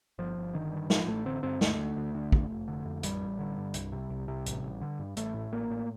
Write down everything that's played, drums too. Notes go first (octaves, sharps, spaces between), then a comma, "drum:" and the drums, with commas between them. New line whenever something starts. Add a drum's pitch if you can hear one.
G1 F3
G1
D3 D#3
G2
A1 F3, drum: snare
A1 A3
D3 C4
G2 C4
D2 A3, drum: snare
D3
D2
D3
F1, drum: kick
F1
D3
F2
A1 G3, drum: hi-hat
A1
D3
G2
C2, drum: hi-hat
C3
C2
C3
A1, drum: hi-hat
A1
D3
G2
A1 A3, drum: hi-hat
A2
A1 A#3
A2